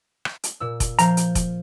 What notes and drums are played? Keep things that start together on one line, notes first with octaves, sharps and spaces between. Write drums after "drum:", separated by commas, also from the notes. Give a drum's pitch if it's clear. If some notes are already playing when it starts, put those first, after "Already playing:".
drum: rim click
drum: hi-hat
A#2 E6
drum: kick F1, hi-hat
F3 F5 A#5 G6, drum: hi-hat
drum: hi-hat
drum: kick F1, hi-hat